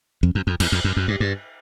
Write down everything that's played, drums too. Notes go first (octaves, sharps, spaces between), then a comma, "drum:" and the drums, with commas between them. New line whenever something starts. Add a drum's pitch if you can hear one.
F2
F#2
F2
E2, drum: cymbal
F2
F#2
F#2
G2
G2